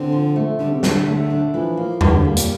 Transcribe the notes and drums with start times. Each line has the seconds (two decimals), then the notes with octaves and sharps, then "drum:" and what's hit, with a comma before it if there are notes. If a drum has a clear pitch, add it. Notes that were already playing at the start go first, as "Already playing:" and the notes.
Already playing: D3 C4
0.12 F3
0.36 A3
0.59 D3 G3
0.71 C3
0.83 D3 D4, drum: snare
1.06 A3
1.30 D4
1.54 E3 F3
1.77 A#3
2.01 E3 G3, drum: tom F2
2.13 D3
2.25 A#3
2.37 A#2, drum: hi-hat